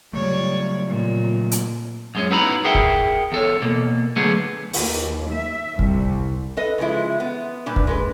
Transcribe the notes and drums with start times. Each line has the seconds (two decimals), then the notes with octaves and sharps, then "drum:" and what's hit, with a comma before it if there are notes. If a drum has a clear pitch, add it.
0.13 C#3 F#3 G3 A3 C#5 D5
0.87 A#2
1.51 drum: hi-hat
2.15 F#2 G#3 C#4
2.31 B3 D#4 E4 F#4 A#5 B5
2.65 G#4 A#4 E5 F#5 G5
2.75 drum: kick
3.32 E2 A4 C#5
3.62 B2 A#3
4.16 D3 F#3 A3 B3 G#4
4.73 D#2, drum: open hi-hat
5.32 E5
5.79 C2, drum: kick
6.57 A4 B4 D#5
6.78 C#3 E3 F3 G#3 E4
7.20 B3
7.66 G2 A#2 D4 B4
7.76 drum: kick
7.87 G#3 A4 B4